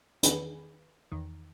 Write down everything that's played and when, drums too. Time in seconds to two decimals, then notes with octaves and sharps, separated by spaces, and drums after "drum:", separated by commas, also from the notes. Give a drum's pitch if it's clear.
0.23 E2 D#3 G#4 B4, drum: hi-hat
1.12 E2 D#3